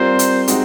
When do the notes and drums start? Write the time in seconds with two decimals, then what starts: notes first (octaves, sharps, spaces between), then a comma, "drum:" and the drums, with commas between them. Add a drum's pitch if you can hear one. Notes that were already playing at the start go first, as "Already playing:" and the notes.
Already playing: G3 C4 F4 A#4 C5
0.19 drum: hi-hat
0.48 G#3 C4 D#4 F#4, drum: hi-hat